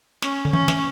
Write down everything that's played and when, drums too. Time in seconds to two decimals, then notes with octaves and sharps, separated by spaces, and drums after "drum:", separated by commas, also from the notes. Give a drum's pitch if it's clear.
0.22 C#4, drum: snare
0.45 D3
0.52 E3 C#4
0.68 E3, drum: snare